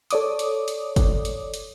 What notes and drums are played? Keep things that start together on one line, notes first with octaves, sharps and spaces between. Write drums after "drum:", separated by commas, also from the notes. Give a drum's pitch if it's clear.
A4 C#5 D5 D6 D#6, drum: hi-hat
drum: hi-hat
drum: hi-hat
drum: kick F#1, hi-hat
drum: hi-hat
drum: hi-hat